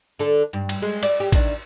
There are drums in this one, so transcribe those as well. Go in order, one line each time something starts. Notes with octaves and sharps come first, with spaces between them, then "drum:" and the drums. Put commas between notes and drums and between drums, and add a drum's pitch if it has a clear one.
D3 A4
G2
drum: cymbal
G#3
D5, drum: cymbal
G4
E2 D#3 D4, drum: kick A1, cymbal